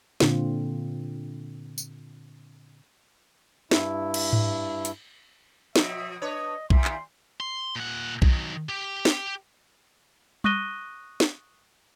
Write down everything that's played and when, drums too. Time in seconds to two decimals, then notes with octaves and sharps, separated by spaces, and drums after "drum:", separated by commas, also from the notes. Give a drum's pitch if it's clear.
0.20 A#2 D3 C4 F4, drum: snare
1.78 drum: tambourine
3.71 G2 E4, drum: snare
4.14 drum: cymbal
4.33 drum: tom G#2
4.85 drum: hi-hat
5.76 B2 F3 D#5 E5, drum: snare
6.22 D4 B4 C#5 D#5 D#6
6.70 D#2 A#2 G3 E5 C6, drum: kick B1
6.85 drum: clap
7.40 C6
7.76 A#2 F#5
8.22 D#3 F#3, drum: kick B1
8.69 G4
9.05 drum: snare
10.44 C#6 D#6 F#6 A#6 D#7 G7, drum: tom G3
11.20 drum: snare